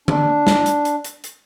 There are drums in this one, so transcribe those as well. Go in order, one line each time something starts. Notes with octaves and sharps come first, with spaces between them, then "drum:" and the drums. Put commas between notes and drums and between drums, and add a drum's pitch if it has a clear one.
D4, drum: tom D3
drum: snare
drum: hi-hat
drum: hi-hat
drum: hi-hat
drum: hi-hat